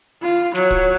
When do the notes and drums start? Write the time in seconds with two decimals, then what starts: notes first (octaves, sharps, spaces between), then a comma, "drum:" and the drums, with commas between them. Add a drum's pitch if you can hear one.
0.22 F4
0.55 F#3, drum: snare
0.71 drum: kick